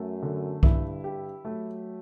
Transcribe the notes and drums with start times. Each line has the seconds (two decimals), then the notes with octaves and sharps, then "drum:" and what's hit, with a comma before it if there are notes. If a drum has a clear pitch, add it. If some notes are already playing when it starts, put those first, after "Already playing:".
Already playing: F#2 A3
0.22 D3
0.63 G2 E4, drum: kick C2
1.04 G4
1.45 F#3 A3